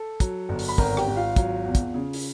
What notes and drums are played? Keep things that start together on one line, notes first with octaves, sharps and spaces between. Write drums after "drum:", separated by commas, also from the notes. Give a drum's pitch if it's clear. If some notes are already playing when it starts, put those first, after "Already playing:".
Already playing: A4
F#3, drum: kick, hi-hat
G1
drum: open hi-hat
B5
G#1 A#4 A#5, drum: kick
G4 G5, drum: rim click
G#1
F4 F5
F#3, drum: kick, hi-hat
E2
drum: kick, hi-hat
C#3
drum: open hi-hat